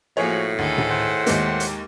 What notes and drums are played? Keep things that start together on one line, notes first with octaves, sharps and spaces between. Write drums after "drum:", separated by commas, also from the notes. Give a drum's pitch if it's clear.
A2 F3 A#3 F#4 G#4 C#5
D2 D#3 G#4 A4
drum: tom A2
C5 F#5
D#2 G#3 A#3 G4, drum: hi-hat
drum: hi-hat